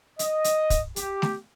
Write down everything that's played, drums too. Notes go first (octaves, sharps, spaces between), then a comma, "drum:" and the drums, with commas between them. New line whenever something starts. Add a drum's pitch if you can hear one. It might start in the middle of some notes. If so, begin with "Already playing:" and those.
D#5, drum: hi-hat
drum: hi-hat
drum: kick, hi-hat
G4, drum: hi-hat
drum: snare A3